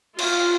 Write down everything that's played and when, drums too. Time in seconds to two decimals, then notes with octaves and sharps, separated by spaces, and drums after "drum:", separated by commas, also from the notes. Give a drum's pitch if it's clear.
0.18 F4, drum: cymbal